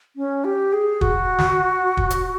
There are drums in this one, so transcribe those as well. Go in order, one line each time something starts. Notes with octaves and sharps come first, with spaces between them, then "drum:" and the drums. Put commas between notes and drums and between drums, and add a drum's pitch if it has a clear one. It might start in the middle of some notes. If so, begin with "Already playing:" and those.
C#4
G4
G#4
F#4, drum: kick
drum: snare
drum: kick
drum: hi-hat